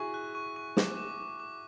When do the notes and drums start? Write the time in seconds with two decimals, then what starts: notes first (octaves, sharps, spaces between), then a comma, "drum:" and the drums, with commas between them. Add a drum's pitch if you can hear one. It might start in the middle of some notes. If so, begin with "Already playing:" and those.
Already playing: E4 F#4 G#4 E5 G#5 C#6
0.14 F#6
0.35 C#6
0.56 C#6
0.77 D6, drum: snare
0.97 D6
1.18 D6
1.40 D6